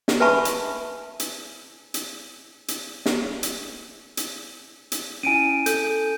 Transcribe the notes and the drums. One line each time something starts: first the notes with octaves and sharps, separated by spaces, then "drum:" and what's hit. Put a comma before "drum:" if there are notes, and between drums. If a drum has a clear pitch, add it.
drum: snare
B4 E5 G#5 A5 B5 C#6
drum: hi-hat
drum: hi-hat
drum: hi-hat
drum: hi-hat
drum: snare
drum: hi-hat
drum: hi-hat
drum: hi-hat
C#4 E4 G#5 D7 D#7
A4 G6, drum: hi-hat